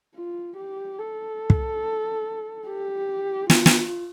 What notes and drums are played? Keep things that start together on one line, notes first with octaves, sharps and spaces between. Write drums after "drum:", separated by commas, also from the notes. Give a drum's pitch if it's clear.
F4
G4
A4
drum: kick
G4
F4, drum: snare
drum: snare